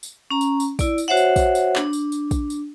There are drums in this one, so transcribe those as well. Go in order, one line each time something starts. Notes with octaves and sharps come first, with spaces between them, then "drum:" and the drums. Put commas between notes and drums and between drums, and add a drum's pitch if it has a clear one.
drum: tambourine
C#4 A#5
drum: tambourine
drum: tambourine
E4 D5, drum: kick, tambourine
drum: tambourine
F#4 C5 C#5 E5 F#5
drum: tambourine
drum: kick, tambourine
drum: tambourine
D4, drum: clap
drum: tambourine
drum: tambourine
drum: kick, tambourine
drum: tambourine